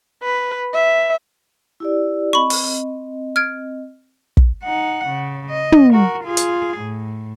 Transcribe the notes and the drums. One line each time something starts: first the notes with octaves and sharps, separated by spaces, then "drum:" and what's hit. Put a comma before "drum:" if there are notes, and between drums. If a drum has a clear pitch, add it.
B4
E5
E4 G4 D5
C4 D#5 B5 C#6
drum: open hi-hat
F6 G#6 D7
drum: kick
D#4 F#5
C#3
D#5
drum: tom
F#4 A#4
F4 G#4
drum: hi-hat
A2